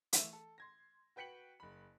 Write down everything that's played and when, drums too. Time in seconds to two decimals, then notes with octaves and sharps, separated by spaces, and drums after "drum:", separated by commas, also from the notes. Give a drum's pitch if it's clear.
0.13 E3 A3 E5, drum: hi-hat
0.33 A4
0.58 C6 G#6 A#6
1.16 F#4 B4 G5 B6 C#7 F#7
1.60 F#1 B5